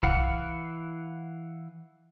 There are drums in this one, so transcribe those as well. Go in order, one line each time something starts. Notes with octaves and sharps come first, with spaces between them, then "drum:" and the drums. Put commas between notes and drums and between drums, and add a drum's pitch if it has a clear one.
E3 E4 F5 F#5, drum: kick B1